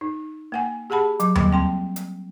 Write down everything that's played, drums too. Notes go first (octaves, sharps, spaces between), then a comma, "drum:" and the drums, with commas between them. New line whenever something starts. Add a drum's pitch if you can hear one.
D#4
A#3 F#5 G#5
G4 G#4 F#5 A5 B5
F#3, drum: hi-hat
F#3 G3 A#3, drum: tom D#2
C4 G5 C6
drum: hi-hat